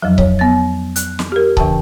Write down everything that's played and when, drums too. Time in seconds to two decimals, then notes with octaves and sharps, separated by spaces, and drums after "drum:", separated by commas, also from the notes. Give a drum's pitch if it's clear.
0.02 F2 F3 F#3
0.18 C#5, drum: kick C#1
0.39 B3 A6
0.96 F#6, drum: hi-hat
1.19 drum: snare
1.32 G4 A#4
1.57 E2 C#3 E3 G5 A5, drum: kick C#1